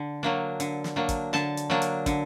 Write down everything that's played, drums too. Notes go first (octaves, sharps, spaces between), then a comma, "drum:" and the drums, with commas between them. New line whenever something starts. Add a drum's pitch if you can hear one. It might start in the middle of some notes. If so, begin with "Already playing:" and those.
Already playing: D3
F#3 A#3 D4
D3, drum: hi-hat
drum: snare
F#3 A#3 D4
drum: kick, hi-hat
D3 A5, drum: snare
drum: hi-hat
F#3 A#3 D4
drum: hi-hat
D3, drum: kick, hi-hat